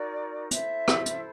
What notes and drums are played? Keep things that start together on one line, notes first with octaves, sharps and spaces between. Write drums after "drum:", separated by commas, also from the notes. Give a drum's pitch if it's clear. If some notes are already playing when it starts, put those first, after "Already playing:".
Already playing: D#4 F#4 A#4 D5
E4 A4 C5 E5, drum: hi-hat
drum: rim click
drum: hi-hat